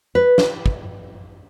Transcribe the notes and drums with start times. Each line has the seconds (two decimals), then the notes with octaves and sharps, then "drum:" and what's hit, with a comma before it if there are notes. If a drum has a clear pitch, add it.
0.15 B4
0.38 drum: snare
0.66 drum: kick